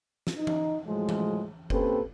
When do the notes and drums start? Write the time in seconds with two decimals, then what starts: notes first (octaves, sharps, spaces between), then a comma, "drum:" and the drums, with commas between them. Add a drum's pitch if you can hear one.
0.27 drum: snare
0.36 D#4
0.47 drum: tom E3
0.86 A2 F3 F#3 G#3
1.09 drum: tom E3
1.70 A#3 C4 C#4 G4 A4 B4, drum: kick F#1